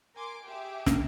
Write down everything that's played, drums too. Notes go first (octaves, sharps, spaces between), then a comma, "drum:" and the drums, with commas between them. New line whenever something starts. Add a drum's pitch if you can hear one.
A#4 G#5 C6 D6
G4 G#4 E5 D6
drum: snare